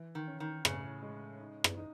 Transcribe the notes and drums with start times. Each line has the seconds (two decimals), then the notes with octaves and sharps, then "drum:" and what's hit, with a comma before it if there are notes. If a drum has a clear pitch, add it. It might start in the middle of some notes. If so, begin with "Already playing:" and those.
Already playing: E3
0.15 D#3
0.28 C#4
0.40 D#3
0.65 A2 C#3, drum: rim click
1.02 G#3
1.40 D#4
1.64 drum: rim click
1.77 D#4